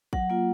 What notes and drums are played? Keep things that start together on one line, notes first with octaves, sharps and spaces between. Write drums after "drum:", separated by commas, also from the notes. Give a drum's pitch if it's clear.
F#3 F#5, drum: kick
A#3 F4